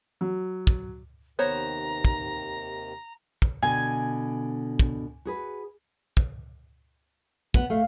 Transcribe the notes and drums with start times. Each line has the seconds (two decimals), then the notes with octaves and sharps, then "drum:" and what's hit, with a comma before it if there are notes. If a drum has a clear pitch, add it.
0.21 F#3
0.67 drum: kick
1.39 D#2 C3 D#3 B3 C5 C#5 A#5
2.05 drum: kick
3.42 drum: kick
3.63 B2 D3 G#5
4.79 drum: kick
5.25 F#4 G#4 B4
6.17 drum: kick
7.54 B3, drum: kick
7.70 A3 F5